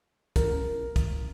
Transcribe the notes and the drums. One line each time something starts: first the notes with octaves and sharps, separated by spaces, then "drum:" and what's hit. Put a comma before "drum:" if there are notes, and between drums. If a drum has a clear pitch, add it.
A#4, drum: kick, hi-hat
drum: kick, hi-hat